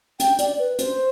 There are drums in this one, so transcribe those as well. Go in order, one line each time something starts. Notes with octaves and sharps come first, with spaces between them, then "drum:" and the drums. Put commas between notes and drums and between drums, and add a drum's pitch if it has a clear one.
G5, drum: hi-hat
D5, drum: hi-hat
B4
C5, drum: hi-hat